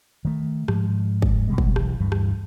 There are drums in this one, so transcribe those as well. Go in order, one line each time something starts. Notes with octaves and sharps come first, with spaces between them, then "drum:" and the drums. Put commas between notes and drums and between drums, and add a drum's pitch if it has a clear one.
D#3 A3
G#2 F3, drum: rim click
drum: kick
B2 G3 G#3
drum: kick
B1 E3, drum: rim click
D2 G2 E3
drum: rim click